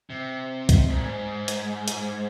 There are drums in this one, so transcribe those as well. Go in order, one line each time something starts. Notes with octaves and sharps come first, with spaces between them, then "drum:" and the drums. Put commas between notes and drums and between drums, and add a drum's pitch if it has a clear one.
C3
drum: kick, hi-hat
G#2
A#2
G#2
drum: hi-hat
drum: hi-hat